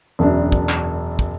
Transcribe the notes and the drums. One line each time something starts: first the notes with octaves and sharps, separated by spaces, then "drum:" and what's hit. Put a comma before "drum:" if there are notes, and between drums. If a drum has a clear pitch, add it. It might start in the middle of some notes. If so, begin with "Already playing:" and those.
E1 F#2 D4
drum: kick
drum: clap
drum: kick